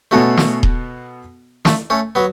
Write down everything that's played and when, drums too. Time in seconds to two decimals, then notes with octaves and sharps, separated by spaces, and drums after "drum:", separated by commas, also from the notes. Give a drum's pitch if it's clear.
0.11 B2 A3 B3 C#4 F#4 A4
0.37 drum: snare
0.63 drum: kick D#1
1.65 A3, drum: snare
1.90 A3 C#4
2.15 F#3 B3